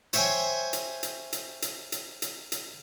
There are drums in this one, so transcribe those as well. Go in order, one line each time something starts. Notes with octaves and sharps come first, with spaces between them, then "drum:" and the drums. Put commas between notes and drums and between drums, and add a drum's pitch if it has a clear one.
C5 C#5 E5 G5 G#5, drum: hi-hat
drum: hi-hat
drum: hi-hat
drum: hi-hat
drum: hi-hat
drum: hi-hat
drum: hi-hat
drum: hi-hat